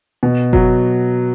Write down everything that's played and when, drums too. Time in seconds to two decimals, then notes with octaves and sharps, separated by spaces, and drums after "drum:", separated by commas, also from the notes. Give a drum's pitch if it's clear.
0.23 B2
0.53 F#3, drum: kick F#1